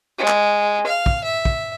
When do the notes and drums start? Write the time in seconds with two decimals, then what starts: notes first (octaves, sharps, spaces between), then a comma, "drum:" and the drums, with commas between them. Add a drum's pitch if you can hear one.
0.18 G#3
0.28 drum: clap
0.86 F5
1.06 drum: kick
1.24 E5
1.45 drum: kick